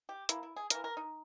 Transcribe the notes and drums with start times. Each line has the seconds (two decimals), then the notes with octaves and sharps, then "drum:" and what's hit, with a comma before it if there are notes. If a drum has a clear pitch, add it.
0.09 G4
0.29 E3 A#3 E4, drum: hi-hat
0.43 E4
0.56 G#4
0.70 E3 A#3 A#4, drum: hi-hat
0.84 A#4
0.97 D#4